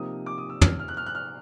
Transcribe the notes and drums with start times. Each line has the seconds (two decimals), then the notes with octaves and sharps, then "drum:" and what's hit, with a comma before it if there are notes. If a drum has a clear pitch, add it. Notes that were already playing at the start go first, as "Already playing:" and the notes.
Already playing: C3 F3 A#3 D#4 D#6
0.26 D6
0.38 D#6
0.50 E6
0.61 F6, drum: tom
0.80 F6
0.89 F#6
0.97 F6
1.06 F#6
1.15 F6